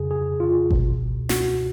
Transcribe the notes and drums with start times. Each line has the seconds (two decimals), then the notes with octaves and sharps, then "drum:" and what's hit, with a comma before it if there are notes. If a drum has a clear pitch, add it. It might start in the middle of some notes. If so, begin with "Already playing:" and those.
Already playing: F2 C#3 G#4
0.11 G#4
0.40 F4
0.71 C#2 B2, drum: kick G1
1.29 F#4, drum: snare